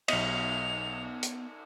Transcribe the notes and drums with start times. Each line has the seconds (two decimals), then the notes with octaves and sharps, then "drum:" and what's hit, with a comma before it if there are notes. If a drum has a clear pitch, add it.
0.08 B1 B3 D#5 F7, drum: cymbal
1.23 drum: hi-hat